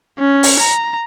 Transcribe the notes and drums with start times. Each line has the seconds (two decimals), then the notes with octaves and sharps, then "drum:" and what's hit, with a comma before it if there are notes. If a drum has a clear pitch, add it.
0.19 C#4
0.43 drum: open hi-hat
0.60 A#5